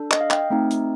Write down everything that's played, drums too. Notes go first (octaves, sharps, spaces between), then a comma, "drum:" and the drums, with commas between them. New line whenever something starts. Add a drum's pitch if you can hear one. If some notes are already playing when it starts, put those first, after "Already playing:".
Already playing: D4 A4
D#5, drum: clap
F5
G5, drum: clap
A3 C4 D#4
drum: hi-hat